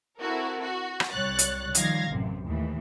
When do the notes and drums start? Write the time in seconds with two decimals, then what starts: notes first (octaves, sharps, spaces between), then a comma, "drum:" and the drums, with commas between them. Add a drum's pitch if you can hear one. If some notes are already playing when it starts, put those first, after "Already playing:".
0.19 C4 E4 F#4 A4 A#4
0.61 F#4
1.00 drum: rim click
1.10 C2 G3 C#5 F#6 A6
1.39 drum: hi-hat
1.75 D#3 F3 G3 F5 G#6 A#6, drum: hi-hat
2.09 A1 F#2 C3
2.46 D#2 A2 E3